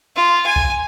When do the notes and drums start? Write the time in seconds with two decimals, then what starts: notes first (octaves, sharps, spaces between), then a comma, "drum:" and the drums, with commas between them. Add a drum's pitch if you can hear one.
0.16 F4
0.46 G#5
0.56 drum: kick B1